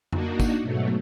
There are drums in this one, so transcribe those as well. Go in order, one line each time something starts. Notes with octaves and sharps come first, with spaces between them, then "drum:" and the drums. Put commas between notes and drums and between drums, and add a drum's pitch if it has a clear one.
A#3 D4 D#4 F#4, drum: tom F2
drum: kick, tambourine
G#2 B2 F#3 A3